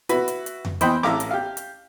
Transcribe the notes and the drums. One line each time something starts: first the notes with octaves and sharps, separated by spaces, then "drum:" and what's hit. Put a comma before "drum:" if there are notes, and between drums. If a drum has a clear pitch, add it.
E4 F#4 B4, drum: hi-hat
drum: hi-hat
drum: hi-hat
drum: tom F2
E3 B3 C5 D#5 G5 B5, drum: hi-hat
A1 E4 E5 F5 A#5 D6, drum: snare C4
drum: hi-hat
G4 F5
drum: hi-hat